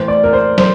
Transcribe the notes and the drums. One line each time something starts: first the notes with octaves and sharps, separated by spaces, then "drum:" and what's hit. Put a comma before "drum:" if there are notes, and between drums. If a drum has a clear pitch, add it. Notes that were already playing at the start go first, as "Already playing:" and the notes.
Already playing: A2 E3 C5
D5
A#4
C5
C5, drum: snare